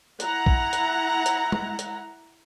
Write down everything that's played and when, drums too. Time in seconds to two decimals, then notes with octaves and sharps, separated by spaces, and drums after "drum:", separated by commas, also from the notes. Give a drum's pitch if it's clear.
0.20 E4 F#5 A#5, drum: hi-hat
0.46 drum: kick
0.73 drum: hi-hat
1.26 drum: hi-hat
1.52 drum: tom G#3
1.79 drum: hi-hat